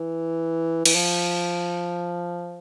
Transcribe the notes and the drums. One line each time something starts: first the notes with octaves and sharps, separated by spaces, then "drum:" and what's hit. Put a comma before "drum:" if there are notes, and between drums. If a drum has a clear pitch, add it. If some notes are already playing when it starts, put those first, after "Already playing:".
Already playing: E3
E3, drum: cymbal
F3